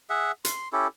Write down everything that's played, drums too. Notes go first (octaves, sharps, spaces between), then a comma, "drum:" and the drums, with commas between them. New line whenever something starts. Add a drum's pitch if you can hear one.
G#4 E5 F#5
C6, drum: hi-hat
C#4 E4 G4 A4